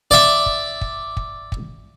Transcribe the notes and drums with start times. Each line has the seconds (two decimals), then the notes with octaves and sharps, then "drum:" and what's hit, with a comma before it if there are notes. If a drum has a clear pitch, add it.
0.11 D5 E5, drum: kick
0.46 drum: kick
0.81 drum: kick
1.17 drum: kick
1.52 drum: kick